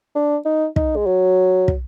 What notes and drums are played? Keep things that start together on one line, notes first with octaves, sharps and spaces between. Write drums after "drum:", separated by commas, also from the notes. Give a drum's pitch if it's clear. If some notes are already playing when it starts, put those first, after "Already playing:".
D4
D#4
D#4, drum: kick
G#3
F#3
drum: kick